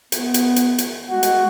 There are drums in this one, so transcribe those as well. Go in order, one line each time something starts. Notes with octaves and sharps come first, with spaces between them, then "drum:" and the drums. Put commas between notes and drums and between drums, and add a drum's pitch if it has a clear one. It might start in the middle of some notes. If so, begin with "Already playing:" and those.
B3, drum: hi-hat
drum: hi-hat
drum: hi-hat
drum: hi-hat
G#3 F#4
drum: hi-hat